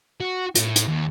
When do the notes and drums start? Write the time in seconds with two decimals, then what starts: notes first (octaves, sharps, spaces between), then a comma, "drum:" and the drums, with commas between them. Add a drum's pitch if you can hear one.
0.21 F#4
0.55 A2, drum: hi-hat
0.76 drum: hi-hat
0.88 D#2